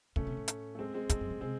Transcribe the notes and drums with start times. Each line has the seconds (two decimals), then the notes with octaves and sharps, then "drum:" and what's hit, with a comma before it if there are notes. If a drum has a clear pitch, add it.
0.16 C#3 A3 C#4, drum: kick
0.27 C3
0.37 A2
0.48 drum: hi-hat
0.75 A3
0.79 G#3 C4
0.94 G#3 C4
1.09 A2 G#3 C4, drum: kick, hi-hat
1.21 F#2
1.30 A2
1.41 C3 G#3 C4